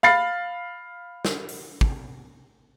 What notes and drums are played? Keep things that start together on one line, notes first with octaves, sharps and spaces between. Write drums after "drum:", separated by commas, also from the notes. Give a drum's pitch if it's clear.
F5 B5 A6 C7
drum: snare
drum: open hi-hat
drum: kick